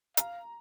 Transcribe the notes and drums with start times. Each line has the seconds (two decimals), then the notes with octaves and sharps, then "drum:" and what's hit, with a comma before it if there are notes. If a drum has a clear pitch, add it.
0.17 F5 A#5, drum: hi-hat